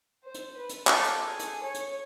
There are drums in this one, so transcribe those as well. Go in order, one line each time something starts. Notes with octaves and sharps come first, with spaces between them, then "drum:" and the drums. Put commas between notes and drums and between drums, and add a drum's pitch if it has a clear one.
C5
drum: hi-hat
B4
drum: hi-hat
A4, drum: clap
drum: hi-hat
G#4
drum: hi-hat
C#5
drum: hi-hat